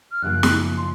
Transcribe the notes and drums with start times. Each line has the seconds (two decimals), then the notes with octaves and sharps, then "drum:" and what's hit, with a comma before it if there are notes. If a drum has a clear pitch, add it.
0.12 F6
0.22 F#2 C#3 F3 A#3 F#6
0.43 drum: snare
0.77 C6